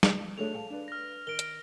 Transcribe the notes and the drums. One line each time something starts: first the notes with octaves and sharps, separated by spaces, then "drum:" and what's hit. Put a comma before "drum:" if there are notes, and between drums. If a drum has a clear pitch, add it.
drum: snare
A3 D4 F#4 G#4 A4 C#5 F7
F5 G5 A5
D4 B4 D5 F5
F6 A#6
D#3 A#4 D7 G7
drum: hi-hat